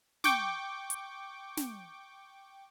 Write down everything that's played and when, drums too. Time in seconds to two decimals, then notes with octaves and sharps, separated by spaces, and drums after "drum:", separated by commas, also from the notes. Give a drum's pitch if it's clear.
0.24 G5 C#6 D6, drum: snare
0.90 drum: hi-hat
1.57 drum: snare